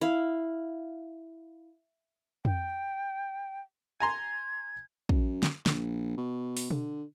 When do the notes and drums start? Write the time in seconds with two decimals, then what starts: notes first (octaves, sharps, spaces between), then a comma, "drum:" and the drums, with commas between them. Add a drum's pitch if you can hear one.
0.01 E4 F5
2.45 G5, drum: tom F2
4.00 G#5 A#5 C6 G#6
5.09 F#2, drum: kick
5.43 drum: snare
5.66 A#1, drum: snare
6.17 B2
6.57 drum: open hi-hat
6.71 D3, drum: tom B2